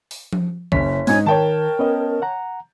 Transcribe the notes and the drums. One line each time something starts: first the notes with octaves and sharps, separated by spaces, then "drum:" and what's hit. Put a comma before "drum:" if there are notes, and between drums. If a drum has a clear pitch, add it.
drum: open hi-hat
drum: tom F3
F#1 C#4 C#5 B6, drum: kick C2
G#2 C#4 D#4 G#5 G#6, drum: open hi-hat
D#3 A#4 C#5 G5 A5
B3 C#4 D#5
F#5 A#5